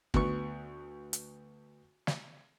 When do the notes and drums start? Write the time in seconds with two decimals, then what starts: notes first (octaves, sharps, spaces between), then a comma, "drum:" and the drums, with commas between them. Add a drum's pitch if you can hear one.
0.14 D2 B3 C#6, drum: kick
1.13 drum: hi-hat
2.07 drum: snare